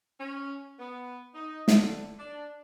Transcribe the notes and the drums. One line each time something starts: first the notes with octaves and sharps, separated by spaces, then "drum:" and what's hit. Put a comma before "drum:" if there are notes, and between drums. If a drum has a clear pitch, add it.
C#4
B3
D#4
D3, drum: snare
D4